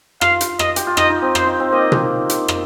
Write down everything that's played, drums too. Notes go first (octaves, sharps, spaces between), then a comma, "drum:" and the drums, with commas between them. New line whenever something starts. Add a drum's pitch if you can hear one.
F4 F5, drum: rim click
drum: hi-hat
D#5, drum: rim click
G4, drum: hi-hat
F4
D#4 D#5, drum: rim click
D#4
C4
C5, drum: rim click
D#4
C4
A#3 D#5
drum: tom B2
drum: hi-hat
drum: rim click